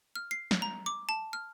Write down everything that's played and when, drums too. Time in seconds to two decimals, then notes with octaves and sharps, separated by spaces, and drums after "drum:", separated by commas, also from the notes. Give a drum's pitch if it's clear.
0.16 F6
0.31 C7
0.51 drum: snare
0.62 A#5
0.86 D6
1.09 A5
1.33 F6